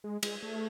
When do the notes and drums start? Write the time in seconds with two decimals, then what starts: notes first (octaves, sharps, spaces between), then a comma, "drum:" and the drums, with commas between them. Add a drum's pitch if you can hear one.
0.04 G#3
0.23 G#3, drum: cymbal
0.42 A3